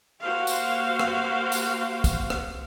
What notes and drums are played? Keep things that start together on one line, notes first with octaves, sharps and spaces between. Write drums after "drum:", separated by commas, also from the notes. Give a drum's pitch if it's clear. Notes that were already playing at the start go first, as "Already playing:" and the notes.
A#3 F#4 G4 C5 F5
drum: tambourine
drum: rim click
drum: tambourine
drum: kick, tambourine
drum: rim click